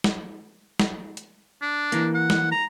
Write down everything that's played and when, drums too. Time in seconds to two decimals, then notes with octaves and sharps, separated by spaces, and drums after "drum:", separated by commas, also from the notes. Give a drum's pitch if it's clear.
0.04 drum: snare
0.80 drum: snare
1.17 drum: hi-hat
1.62 D4
1.92 E3 A#3, drum: hi-hat
2.15 F#5
2.30 drum: snare
2.51 A#5